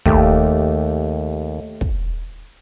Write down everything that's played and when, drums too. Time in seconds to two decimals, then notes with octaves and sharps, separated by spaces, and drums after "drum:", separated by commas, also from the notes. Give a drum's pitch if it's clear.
0.06 D#2 A3 G4, drum: kick
1.81 drum: kick